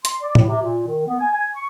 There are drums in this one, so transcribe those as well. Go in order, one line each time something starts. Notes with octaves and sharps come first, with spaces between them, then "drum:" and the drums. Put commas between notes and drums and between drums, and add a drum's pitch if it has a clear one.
C6, drum: hi-hat
D5
A2, drum: tom
C3
A#2
D#3
B3
G#5
G#5
C#6